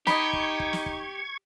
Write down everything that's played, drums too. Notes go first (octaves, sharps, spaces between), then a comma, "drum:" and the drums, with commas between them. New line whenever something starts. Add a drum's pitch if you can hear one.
D#4 G4 D#5 B5 C#6 G#6, drum: snare
drum: kick
drum: kick
drum: snare
drum: kick